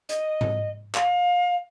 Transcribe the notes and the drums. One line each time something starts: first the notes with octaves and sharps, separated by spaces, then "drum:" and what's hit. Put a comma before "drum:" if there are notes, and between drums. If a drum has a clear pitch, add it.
D#5, drum: hi-hat
drum: tom G#2
F5, drum: clap